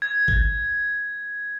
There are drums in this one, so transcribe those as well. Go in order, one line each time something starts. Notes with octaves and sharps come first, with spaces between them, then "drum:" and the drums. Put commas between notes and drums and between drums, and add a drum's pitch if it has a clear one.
G#6
drum: kick